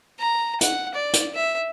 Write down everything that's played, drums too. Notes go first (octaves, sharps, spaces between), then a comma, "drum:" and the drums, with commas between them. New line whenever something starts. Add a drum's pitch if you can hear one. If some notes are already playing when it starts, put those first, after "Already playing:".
A#5
F#5, drum: hi-hat
D5
drum: hi-hat
E5